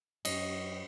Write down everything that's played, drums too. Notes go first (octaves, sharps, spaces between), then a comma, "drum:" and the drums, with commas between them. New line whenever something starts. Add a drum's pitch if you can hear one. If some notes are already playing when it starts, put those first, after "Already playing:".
F#2 D#5, drum: cymbal